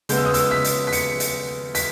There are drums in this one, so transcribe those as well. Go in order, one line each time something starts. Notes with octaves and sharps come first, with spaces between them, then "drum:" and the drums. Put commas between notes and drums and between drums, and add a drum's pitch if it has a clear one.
C#3 G#3 B3 G6, drum: hi-hat
E6
D#6
E6, drum: hi-hat
B6
drum: hi-hat
B6
C#7, drum: hi-hat
drum: hi-hat
B6, drum: hi-hat